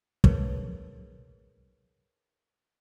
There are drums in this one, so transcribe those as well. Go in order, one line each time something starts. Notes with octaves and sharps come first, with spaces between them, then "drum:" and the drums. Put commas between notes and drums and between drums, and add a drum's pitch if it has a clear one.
D#4 G#4 A#4 B4 C#5 E5, drum: kick